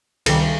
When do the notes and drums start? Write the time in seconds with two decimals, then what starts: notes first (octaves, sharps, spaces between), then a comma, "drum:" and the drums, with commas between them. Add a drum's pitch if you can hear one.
0.26 C#2 C3 D#3 G3 A4, drum: cymbal